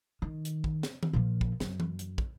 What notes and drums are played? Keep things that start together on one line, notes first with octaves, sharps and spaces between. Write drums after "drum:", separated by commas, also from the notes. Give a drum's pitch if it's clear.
D#3
drum: hi-hat
drum: kick
drum: snare
drum: tom D#3
A#2 F3
drum: kick
F#2, drum: snare
drum: tom E3
drum: hi-hat
drum: kick